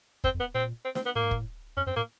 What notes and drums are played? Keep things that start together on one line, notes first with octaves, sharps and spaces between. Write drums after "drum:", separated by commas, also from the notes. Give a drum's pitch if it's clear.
F2 C4, drum: kick
F2
B3
A#2 C4
C4
C4, drum: snare
B3
A2 A#3
G#2
A2, drum: kick
F2 C#4
F#2 C4
A2 A#3